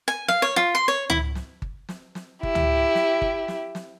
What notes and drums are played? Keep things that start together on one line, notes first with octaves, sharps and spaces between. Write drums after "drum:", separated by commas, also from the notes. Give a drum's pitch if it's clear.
G#5
F5, drum: snare
C#5
F4, drum: snare
C6
C#5
E4, drum: tom C#2
drum: snare
drum: kick G1
drum: snare
drum: snare
E4 G4, drum: kick G1
drum: tom C#2
drum: snare
drum: kick G1
drum: snare
drum: snare